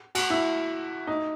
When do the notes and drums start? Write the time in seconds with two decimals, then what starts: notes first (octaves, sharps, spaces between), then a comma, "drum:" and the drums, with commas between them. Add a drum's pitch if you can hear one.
0.15 F#4, drum: cymbal
0.30 E4
1.07 D#4